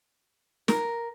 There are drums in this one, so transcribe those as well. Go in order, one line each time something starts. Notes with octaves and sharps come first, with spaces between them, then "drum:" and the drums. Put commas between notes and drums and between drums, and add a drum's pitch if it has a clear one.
A#4, drum: snare